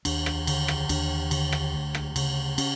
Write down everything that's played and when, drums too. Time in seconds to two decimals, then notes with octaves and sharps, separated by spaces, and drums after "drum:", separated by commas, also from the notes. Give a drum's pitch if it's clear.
0.05 D#2 D4, drum: cymbal
0.26 drum: rim click
0.47 D3, drum: cymbal
0.68 drum: rim click
0.89 D#2 D4, drum: cymbal
1.31 D3, drum: cymbal
1.52 drum: rim click
1.73 D2
1.95 drum: rim click
2.16 C#3, drum: cymbal
2.58 C#4, drum: cymbal